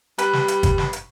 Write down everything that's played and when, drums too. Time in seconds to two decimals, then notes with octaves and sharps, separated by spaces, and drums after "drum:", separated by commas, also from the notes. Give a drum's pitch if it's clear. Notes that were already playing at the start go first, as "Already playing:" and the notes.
0.18 G3 B4, drum: hi-hat
0.33 drum: snare
0.48 drum: hi-hat
0.63 drum: kick G1, hi-hat
0.78 drum: snare
0.93 drum: hi-hat